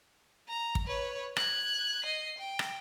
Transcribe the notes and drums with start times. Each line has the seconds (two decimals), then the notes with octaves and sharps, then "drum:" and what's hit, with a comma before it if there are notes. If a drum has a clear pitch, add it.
0.48 A#5
0.75 drum: kick
0.87 B4 C#5
1.37 F#6 G#6, drum: rim click
2.04 D#5 C7
2.38 G5
2.59 drum: rim click